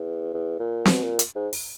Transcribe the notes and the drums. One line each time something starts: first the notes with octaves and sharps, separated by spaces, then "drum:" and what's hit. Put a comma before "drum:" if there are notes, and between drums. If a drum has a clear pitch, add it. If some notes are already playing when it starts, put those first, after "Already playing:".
Already playing: E2
E2
A#2
B2, drum: snare C4
A#2
drum: hi-hat
G#2
drum: open hi-hat